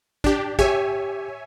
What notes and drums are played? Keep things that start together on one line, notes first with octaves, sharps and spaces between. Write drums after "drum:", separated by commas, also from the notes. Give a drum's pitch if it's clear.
D4 G4, drum: kick
G4 C#5 E5 G#5, drum: kick